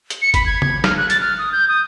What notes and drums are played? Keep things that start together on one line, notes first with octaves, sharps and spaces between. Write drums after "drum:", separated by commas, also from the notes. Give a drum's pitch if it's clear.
drum: hi-hat
C#7
B5, drum: kick G1, hi-hat
G#6
G#6, drum: tom
F6, drum: snare
F#6
A6, drum: hi-hat
F6
D#6
G6
D#6